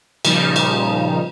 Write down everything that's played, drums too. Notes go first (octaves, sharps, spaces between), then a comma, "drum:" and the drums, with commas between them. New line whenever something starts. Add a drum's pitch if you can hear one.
A#2 C#3 F3 G3 D#4, drum: cymbal
drum: cymbal